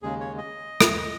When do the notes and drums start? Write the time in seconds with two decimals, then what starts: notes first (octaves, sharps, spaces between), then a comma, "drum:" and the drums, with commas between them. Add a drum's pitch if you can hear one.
0.02 D#2 C#3 G#3 G#4
0.21 C#5
0.38 D#5
0.81 drum: rim click